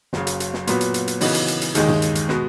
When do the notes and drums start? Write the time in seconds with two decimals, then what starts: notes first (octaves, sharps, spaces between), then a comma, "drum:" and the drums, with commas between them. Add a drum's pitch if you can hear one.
0.13 F#1 F#2 C#3, drum: snare
0.27 drum: hi-hat
0.40 drum: hi-hat
0.54 drum: snare
0.67 A#2 F#3 B3 F#4 B4, drum: hi-hat
0.81 drum: hi-hat
0.94 drum: hi-hat
1.08 drum: hi-hat
1.21 C#3 E3 B3 D#4 F#4, drum: open hi-hat
1.35 drum: hi-hat
1.48 drum: hi-hat
1.61 drum: hi-hat
1.75 D#2 D#3 G#3 D#4 G#4, drum: hi-hat
1.88 drum: tom G2
2.02 drum: hi-hat
2.15 drum: hi-hat
2.29 B2 G#3 B3 F#4, drum: snare